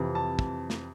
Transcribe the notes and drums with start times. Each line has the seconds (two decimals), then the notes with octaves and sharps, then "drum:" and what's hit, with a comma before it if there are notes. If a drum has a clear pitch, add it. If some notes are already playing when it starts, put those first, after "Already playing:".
Already playing: F2 C3 E3
0.15 A5
0.39 drum: kick
0.70 drum: snare